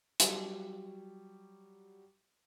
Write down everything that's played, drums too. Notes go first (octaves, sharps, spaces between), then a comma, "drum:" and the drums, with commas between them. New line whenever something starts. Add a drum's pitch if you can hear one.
F#3 G3, drum: hi-hat